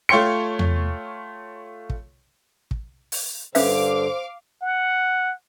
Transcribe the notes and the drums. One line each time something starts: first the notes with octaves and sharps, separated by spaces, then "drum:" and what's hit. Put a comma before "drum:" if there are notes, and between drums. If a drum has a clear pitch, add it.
A3 F4 C#5 G5 C6 C#7
drum: tom E2
drum: kick
drum: kick
drum: open hi-hat
G2 D3 C#4 B4 C5 E5 F5 D6, drum: open hi-hat
F#5